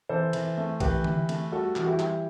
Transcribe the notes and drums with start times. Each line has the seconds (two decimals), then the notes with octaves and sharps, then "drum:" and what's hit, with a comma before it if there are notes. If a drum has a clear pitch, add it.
0.09 E3 A4 C5
0.33 E3, drum: cymbal
0.58 A3
0.80 E3 G4 B4, drum: kick B1, cymbal
1.04 E3, drum: tom D3
1.29 A3, drum: cymbal
1.52 G3 F#4 A4
1.76 E3, drum: clap
1.83 F#4
1.88 E4 G4
1.99 G3, drum: clap